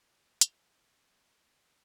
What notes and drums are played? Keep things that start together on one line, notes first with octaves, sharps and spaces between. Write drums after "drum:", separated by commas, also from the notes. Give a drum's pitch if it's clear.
B4 G#5 C6 D#6 E6
C#5, drum: hi-hat
D#3 B3 F4 C5 D5
A3 C#4 D#4 A#4 D5
G#3 A#3 C#4 D#4 E4
F#3 B3 D4